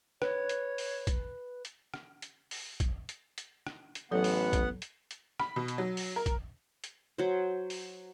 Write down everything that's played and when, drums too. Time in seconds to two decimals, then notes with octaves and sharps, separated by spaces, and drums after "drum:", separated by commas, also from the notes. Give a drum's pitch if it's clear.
0.22 B4 C#5, drum: rim click
0.49 drum: hi-hat
0.78 drum: open hi-hat
1.07 drum: kick, hi-hat
1.65 drum: hi-hat
1.94 drum: rim click
2.22 drum: hi-hat
2.51 drum: open hi-hat
2.80 drum: kick, hi-hat
3.09 drum: hi-hat
3.38 drum: hi-hat
3.67 drum: rim click
3.95 drum: hi-hat
4.11 A1 F#3 B3 A4 C#5 F#5
4.24 drum: open hi-hat
4.53 drum: kick, hi-hat
4.82 drum: hi-hat
5.11 drum: hi-hat
5.39 B5, drum: rim click
5.56 B2
5.68 drum: hi-hat
5.78 F#3
5.97 drum: open hi-hat
6.16 A#4
6.26 drum: kick, hi-hat
6.84 drum: hi-hat
7.18 F#3 C5
7.70 drum: open hi-hat